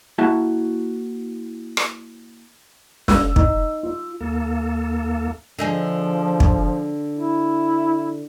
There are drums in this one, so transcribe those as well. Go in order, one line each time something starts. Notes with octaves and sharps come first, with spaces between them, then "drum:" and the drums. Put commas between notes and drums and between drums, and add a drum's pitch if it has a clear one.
A#3 E4 F#4 A5
drum: rim click
E6, drum: snare
D#4, drum: kick
F4
D#2 A#3 A4
D3 F3 D#4 G#4
drum: kick
E4